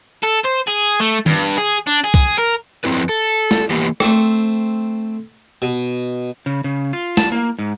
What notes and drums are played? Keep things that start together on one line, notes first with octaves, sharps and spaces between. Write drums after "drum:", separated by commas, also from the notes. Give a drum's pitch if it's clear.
A4
C5
G#4
A3
G2, drum: tom D#3
G#4
D4
G#4
drum: kick C2
A#4
F2 D#3 C4 E4 B4
A4
drum: snare
E3 A#3 B3 G4 B4
A3 C4, drum: rim click
B2
C#3
C#3
F4
A5, drum: snare
A#3
G#2